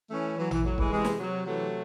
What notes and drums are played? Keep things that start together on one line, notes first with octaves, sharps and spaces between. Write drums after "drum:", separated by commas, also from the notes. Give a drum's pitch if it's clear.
E3 A3 C#4
E3 F#3
E3, drum: tom A1
A2 F#3
E3 G#3, drum: kick
C3 E3 G#3
drum: snare
C3 F#3
E3 F#3 A3